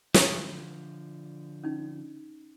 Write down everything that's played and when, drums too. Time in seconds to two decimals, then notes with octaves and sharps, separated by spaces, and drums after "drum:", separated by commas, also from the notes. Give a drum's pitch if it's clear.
0.14 D3 F3, drum: snare
1.64 C#4 D#4